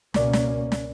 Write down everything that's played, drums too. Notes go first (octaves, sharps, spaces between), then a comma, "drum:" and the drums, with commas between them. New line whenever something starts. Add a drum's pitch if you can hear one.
C#2 B2 A#3 C#4 D5, drum: snare
drum: snare
drum: snare